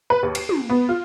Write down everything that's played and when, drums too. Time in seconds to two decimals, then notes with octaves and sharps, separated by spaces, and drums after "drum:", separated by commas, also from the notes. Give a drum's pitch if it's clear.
0.10 B4
0.23 D#2
0.35 C7, drum: cymbal
0.49 drum: tom
0.70 B3
0.89 F4